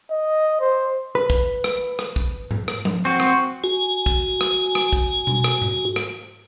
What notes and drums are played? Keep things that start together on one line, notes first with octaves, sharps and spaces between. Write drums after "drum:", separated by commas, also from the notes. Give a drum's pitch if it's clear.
D#5
C5
B4
drum: kick
drum: rim click
drum: rim click
drum: kick
drum: tom G#2
drum: rim click
drum: tom F3
C4 F#4
drum: rim click
F#4 G#5
drum: kick
drum: rim click
drum: rim click
drum: kick
drum: tom B2
drum: rim click
drum: tom G#2
drum: rim click